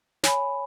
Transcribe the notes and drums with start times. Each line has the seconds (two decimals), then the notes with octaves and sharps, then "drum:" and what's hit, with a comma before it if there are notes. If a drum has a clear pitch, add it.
0.23 C#5 G#5 B5, drum: snare